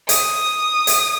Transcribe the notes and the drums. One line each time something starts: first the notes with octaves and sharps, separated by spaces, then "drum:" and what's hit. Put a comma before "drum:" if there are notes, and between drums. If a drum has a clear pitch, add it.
D#6, drum: hi-hat
drum: hi-hat